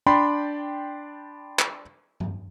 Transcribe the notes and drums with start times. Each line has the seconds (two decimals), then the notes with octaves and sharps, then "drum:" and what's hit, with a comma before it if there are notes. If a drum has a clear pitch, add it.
0.06 D4 D5 G5 B5 C6
1.59 drum: clap
2.20 drum: tom G2